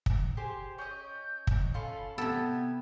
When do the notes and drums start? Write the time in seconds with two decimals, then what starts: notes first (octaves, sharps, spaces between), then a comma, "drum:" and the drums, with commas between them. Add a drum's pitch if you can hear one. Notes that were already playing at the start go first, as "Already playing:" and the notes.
0.06 drum: kick
0.37 G4 G#4 C5
0.78 C#4 D#5 G6
1.47 drum: kick
1.74 C#4 F4 A4 B5
2.18 C3 B3 G4 A4 G#6